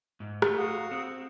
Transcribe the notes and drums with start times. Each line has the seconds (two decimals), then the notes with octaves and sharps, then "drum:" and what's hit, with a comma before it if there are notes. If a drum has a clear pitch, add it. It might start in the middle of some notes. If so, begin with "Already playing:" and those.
0.20 G#2
0.42 A3, drum: rim click
0.56 F#4 F5 D#6
0.91 C4